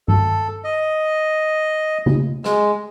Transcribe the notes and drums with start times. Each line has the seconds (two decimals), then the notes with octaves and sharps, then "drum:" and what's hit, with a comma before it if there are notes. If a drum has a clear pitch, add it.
0.08 A4, drum: tom G2
0.64 D#5
2.06 drum: tom C#3
2.44 G#3, drum: rim click